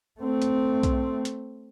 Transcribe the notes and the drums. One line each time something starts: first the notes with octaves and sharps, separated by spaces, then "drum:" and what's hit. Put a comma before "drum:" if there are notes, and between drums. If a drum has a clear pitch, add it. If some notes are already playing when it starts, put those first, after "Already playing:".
A3 C4
drum: hi-hat
drum: kick B1, hi-hat
drum: hi-hat